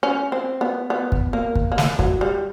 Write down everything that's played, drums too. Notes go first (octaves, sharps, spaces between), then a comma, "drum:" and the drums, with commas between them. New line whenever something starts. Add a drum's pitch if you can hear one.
C#4
C4
B3
B3
drum: kick
A#3
drum: kick
A#3
A3, drum: snare
F#3, drum: kick
G3